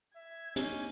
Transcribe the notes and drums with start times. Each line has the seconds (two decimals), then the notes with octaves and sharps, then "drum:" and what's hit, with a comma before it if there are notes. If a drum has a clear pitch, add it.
0.16 E5 G#6
0.56 A#3 C4 C#4 D#4 G#5, drum: hi-hat